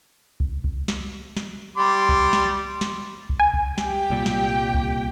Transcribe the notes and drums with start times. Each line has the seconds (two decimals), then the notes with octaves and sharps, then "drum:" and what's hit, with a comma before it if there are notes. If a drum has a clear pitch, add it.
0.40 drum: kick C2
0.64 drum: kick C2
0.88 drum: snare
1.37 drum: snare
1.77 G3 C6 D6
2.09 drum: kick C2
2.33 drum: snare
2.81 drum: snare
3.29 drum: kick C2
3.40 G#5
3.54 drum: kick C2
3.78 G4 G5, drum: snare
4.10 C2 A#2 G3
4.26 drum: snare
4.74 drum: kick C2